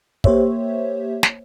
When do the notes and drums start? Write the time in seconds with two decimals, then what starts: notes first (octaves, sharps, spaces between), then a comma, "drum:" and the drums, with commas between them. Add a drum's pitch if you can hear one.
0.24 A#3 G4 C5 C#5 E5, drum: kick
1.23 drum: snare